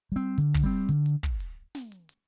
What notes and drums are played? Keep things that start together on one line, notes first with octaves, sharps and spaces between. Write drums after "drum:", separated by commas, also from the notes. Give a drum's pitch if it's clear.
G3 C4
D3, drum: hi-hat
drum: kick, open hi-hat
G3 C4
D3, drum: hi-hat
drum: hi-hat
drum: kick, hi-hat
drum: hi-hat
drum: snare
drum: hi-hat
drum: hi-hat